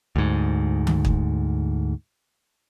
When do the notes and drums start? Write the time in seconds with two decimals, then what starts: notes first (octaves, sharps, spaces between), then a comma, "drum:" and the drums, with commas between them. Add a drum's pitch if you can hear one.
0.16 D2 G#2
0.87 drum: tom D3
1.05 drum: kick